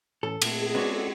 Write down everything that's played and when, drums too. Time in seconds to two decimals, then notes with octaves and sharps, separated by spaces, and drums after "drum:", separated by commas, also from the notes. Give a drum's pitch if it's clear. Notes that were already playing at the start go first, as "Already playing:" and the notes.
0.23 A2 E3 C#4 A4
0.42 A#2 A3, drum: cymbal
0.59 G#4
0.75 G#3 B3 C#4 F#4 C5 D5
0.92 A4